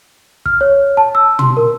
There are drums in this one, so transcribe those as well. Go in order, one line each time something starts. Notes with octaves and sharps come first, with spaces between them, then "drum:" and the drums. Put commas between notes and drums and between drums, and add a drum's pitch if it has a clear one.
F6, drum: kick
C#5
A5
E6
C6, drum: tom
A#4